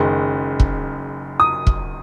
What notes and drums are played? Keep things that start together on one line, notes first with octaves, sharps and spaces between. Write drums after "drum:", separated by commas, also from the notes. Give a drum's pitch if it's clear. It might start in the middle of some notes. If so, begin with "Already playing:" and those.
Already playing: F#1 F#2 D#3 G#3
drum: kick
D#6
drum: kick